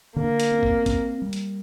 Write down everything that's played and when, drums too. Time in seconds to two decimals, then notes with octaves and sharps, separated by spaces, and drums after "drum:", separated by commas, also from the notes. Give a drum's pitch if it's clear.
0.16 D3 A#3
0.40 drum: hi-hat
0.51 C4
0.63 drum: kick
0.86 C4, drum: kick, hi-hat
1.22 G3
1.33 drum: hi-hat